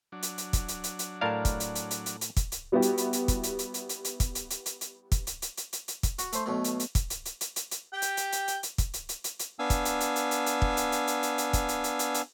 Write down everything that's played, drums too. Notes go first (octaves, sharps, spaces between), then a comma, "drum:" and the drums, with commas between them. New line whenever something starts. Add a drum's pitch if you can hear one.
F#3 D4
drum: hi-hat
drum: hi-hat
drum: kick, hi-hat
drum: hi-hat
drum: hi-hat
drum: hi-hat
A2 A#4 D5 F5 A5
drum: kick, hi-hat
drum: hi-hat
drum: hi-hat
drum: hi-hat
drum: hi-hat
drum: hi-hat
drum: kick, hi-hat
drum: hi-hat
G3 B3 E4 F#4 G4
drum: hi-hat
drum: hi-hat
drum: hi-hat
drum: kick, hi-hat
drum: hi-hat
drum: hi-hat
drum: hi-hat
drum: hi-hat
drum: hi-hat
drum: kick, hi-hat
drum: hi-hat
drum: hi-hat
drum: hi-hat
drum: hi-hat
drum: kick, hi-hat
drum: hi-hat
drum: hi-hat
drum: hi-hat
drum: hi-hat
drum: hi-hat
drum: kick, hi-hat
F#4, drum: hi-hat
A3 C5, drum: hi-hat
B1 B2 A3
drum: hi-hat
drum: hi-hat
drum: kick, hi-hat
drum: hi-hat
drum: hi-hat
drum: hi-hat
drum: hi-hat
drum: hi-hat
G4 G5
drum: hi-hat
drum: hi-hat
drum: hi-hat
drum: hi-hat
drum: hi-hat
drum: kick, hi-hat
drum: hi-hat
drum: hi-hat
drum: hi-hat
drum: hi-hat
B3 D4 F5 G#5 E6
drum: kick, hi-hat
drum: hi-hat
drum: hi-hat
drum: hi-hat
drum: hi-hat
drum: hi-hat
drum: kick
drum: hi-hat
drum: hi-hat
drum: hi-hat
drum: hi-hat
drum: hi-hat
drum: kick, hi-hat
drum: hi-hat
drum: hi-hat
drum: hi-hat
drum: hi-hat